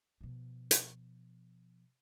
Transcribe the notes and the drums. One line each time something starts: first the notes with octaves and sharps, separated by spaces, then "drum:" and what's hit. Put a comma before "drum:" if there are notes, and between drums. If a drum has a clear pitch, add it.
B2 F3
drum: hi-hat